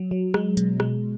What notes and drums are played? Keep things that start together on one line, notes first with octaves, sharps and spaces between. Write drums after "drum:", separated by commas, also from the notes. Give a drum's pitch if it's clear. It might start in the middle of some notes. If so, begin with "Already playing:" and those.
Already playing: F#3
F#3
G#3, drum: rim click
B2, drum: hi-hat
G#3, drum: rim click